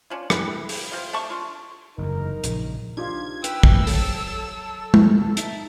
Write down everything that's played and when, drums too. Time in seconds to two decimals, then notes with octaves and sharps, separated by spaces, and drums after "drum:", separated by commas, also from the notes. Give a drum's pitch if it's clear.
0.10 C#4 D4 F4
0.30 E4 G4 B4, drum: rim click
0.69 drum: open hi-hat
0.92 C3 F4
1.13 A3 D4 A5 C#6
1.30 D4 F4
1.98 F#1 E2 D#4 A#4
2.44 A#1 C#3, drum: hi-hat
2.97 D4 D#4 F4 G4 G#6
3.44 B4 G5 E6, drum: hi-hat
3.63 drum: kick
3.87 F#3 A4, drum: open hi-hat
4.94 drum: tom
5.37 D#4 E5 A5, drum: hi-hat